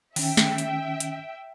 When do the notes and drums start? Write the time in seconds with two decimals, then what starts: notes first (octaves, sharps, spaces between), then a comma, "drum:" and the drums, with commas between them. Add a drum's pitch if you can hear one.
0.16 D#3 C#4 E5 G5, drum: open hi-hat
0.37 drum: snare
0.58 drum: hi-hat
1.00 drum: hi-hat